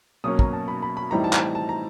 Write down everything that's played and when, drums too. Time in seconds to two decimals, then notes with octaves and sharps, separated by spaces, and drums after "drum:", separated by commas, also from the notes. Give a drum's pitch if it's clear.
0.24 B2 F#3 A#3 C#4 D#6
0.39 A#5, drum: kick
0.53 A5
0.68 B5
0.82 B5
0.97 B5
1.11 A2 E3 G3 C4 D#4 A#5
1.24 A5
1.33 A#5, drum: clap
1.55 A5
1.69 A#5